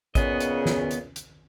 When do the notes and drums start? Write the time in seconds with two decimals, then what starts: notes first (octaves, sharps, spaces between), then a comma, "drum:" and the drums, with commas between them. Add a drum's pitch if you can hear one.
0.15 A#2 C#3 B3 D#5, drum: kick, hi-hat
0.40 drum: hi-hat
0.66 drum: snare
0.91 drum: hi-hat
1.16 drum: hi-hat